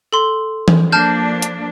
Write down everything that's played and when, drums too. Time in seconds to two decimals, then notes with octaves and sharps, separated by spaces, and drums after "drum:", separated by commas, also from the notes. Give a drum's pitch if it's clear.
0.13 A4 C6
0.68 drum: tom E3
0.92 F3 A#3 D4 A5 F6 G6
1.42 drum: hi-hat